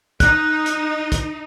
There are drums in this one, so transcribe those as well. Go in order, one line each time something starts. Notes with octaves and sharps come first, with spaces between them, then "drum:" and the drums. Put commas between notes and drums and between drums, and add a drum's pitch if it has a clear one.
D#4 F#6, drum: kick, hi-hat
drum: hi-hat
drum: kick, hi-hat